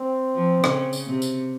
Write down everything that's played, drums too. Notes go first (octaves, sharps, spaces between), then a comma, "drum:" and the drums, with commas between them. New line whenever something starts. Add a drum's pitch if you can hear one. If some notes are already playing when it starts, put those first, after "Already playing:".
Already playing: C4
F3
C#3, drum: rim click
drum: tambourine
C3
drum: tambourine